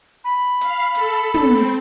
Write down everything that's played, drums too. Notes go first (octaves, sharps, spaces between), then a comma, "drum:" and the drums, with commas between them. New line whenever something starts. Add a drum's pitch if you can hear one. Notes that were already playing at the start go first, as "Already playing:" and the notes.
B5
F5, drum: hi-hat
A4, drum: hi-hat
drum: tom
C4